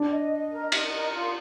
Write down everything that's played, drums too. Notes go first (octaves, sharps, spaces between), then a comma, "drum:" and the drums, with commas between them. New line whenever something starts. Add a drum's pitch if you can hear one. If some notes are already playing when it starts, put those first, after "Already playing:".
Already playing: D4
D#5
D#5
A#4
D#5, drum: cymbal
A#4
F4